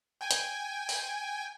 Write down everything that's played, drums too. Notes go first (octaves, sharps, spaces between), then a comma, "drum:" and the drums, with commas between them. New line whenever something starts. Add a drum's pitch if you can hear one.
G5 G#5
drum: hi-hat
drum: open hi-hat